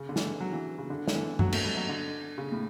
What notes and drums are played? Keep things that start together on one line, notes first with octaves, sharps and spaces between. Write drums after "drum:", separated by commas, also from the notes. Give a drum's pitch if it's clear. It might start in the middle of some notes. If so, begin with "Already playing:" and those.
Already playing: C#3
D3
E3, drum: snare
F#3
E3
C#3
D3
D3, drum: snare
E3
F#3, drum: tom G2
A3, drum: cymbal
G3
F#3
D3
C#3
A2